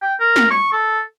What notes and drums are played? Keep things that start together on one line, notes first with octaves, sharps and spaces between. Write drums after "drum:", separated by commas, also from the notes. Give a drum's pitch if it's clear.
G5
A#4
drum: snare
C#6
A4